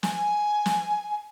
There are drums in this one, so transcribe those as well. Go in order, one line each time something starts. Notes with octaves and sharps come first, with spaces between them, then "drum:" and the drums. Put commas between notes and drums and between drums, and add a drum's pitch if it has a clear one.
G#5, drum: snare
drum: snare